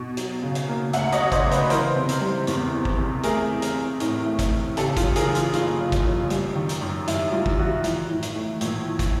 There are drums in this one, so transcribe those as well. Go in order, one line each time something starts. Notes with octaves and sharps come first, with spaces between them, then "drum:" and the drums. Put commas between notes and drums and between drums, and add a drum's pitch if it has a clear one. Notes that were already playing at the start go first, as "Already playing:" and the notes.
Already playing: B2
F#3, drum: hi-hat
C#3
drum: hi-hat
A#3
D2 E5 F#5, drum: hi-hat
C#5 D#5, drum: hi-hat
F#3
C5 D5, drum: kick, hi-hat
C#3
B4 C#5, drum: hi-hat
E3 A#4 C5, drum: hi-hat
C3
drum: hi-hat
G3
E2, drum: hi-hat
E3
drum: kick
C3
A3 G#4 A#4, drum: hi-hat
E3
drum: hi-hat
C4
A2, drum: hi-hat
A3
drum: kick, hi-hat
E3
C#3 G4 A4, drum: hi-hat
F4, drum: kick, hi-hat
F#2
G#4 A#4, drum: hi-hat
E3
F4, drum: hi-hat
F#1 F4, drum: hi-hat
C#3
drum: kick, hi-hat
F#2
G3, drum: hi-hat
D#3
drum: hi-hat
F#2
F#2 E4, drum: hi-hat
G3 F4
drum: kick
D#3 E4 F#4
E3, drum: hi-hat
A2
drum: hi-hat
A3
A#1, drum: hi-hat
E3
drum: kick, hi-hat